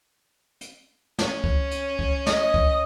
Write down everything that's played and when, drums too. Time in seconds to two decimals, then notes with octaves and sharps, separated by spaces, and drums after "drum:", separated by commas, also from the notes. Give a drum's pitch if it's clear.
0.61 drum: hi-hat
1.19 C#4, drum: snare
1.44 drum: kick C#2
1.71 drum: hi-hat
1.99 drum: kick C#2
2.27 D#5, drum: snare
2.54 drum: kick C#2